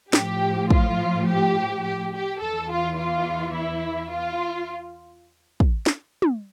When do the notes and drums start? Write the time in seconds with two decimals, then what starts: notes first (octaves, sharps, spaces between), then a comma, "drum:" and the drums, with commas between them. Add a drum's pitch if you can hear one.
0.13 A2 F3 G4, drum: snare
0.70 F4, drum: kick
1.27 G4
1.85 G4
2.12 G4
2.41 E2 E3 A4
2.70 F4
2.98 F4
3.55 E4
4.12 F4
5.60 drum: kick
5.86 drum: snare
6.22 drum: tom